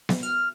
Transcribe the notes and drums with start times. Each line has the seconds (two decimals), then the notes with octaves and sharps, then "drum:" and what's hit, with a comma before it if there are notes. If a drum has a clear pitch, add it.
0.09 drum: snare B3
0.23 F6